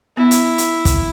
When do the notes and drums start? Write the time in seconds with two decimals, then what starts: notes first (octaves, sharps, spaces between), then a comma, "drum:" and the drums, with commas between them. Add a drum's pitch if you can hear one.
0.17 B3 E4
0.31 drum: hi-hat
0.58 drum: hi-hat
0.85 drum: kick, hi-hat